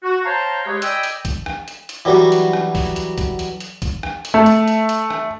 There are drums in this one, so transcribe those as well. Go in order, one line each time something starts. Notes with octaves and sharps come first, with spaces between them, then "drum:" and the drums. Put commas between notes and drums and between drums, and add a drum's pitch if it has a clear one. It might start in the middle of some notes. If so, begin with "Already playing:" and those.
F#4
C5 C#5 F5 G5 A5 A#5
G#3 G4 G#4 B4 C#5
D5 D#5 G5 G#5 B5 E6, drum: hi-hat
drum: hi-hat
drum: kick B1, hi-hat
drum: rim click
drum: hi-hat
drum: hi-hat
E3 F#3 G3 F#4
drum: hi-hat
drum: rim click
drum: kick B1, open hi-hat
drum: hi-hat
drum: kick B1, hi-hat
drum: hi-hat
drum: hi-hat
drum: kick B1, hi-hat
drum: rim click
drum: hi-hat
A3
drum: hi-hat
drum: hi-hat
drum: hi-hat
drum: rim click